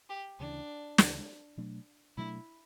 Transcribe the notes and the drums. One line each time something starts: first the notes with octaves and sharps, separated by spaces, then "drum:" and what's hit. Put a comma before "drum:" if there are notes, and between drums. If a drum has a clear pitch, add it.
G4
D2 C#3 E3 D4
D2 C#3 E3, drum: snare
B2 F#3 A3 D4
B2 F#3 A3 D4 E4